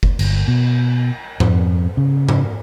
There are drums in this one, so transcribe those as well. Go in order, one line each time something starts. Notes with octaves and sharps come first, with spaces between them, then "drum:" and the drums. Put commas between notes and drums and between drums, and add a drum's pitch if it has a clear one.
drum: kick F#1
G1, drum: cymbal
B2
F2, drum: tom G#2
C#3
drum: tom G#2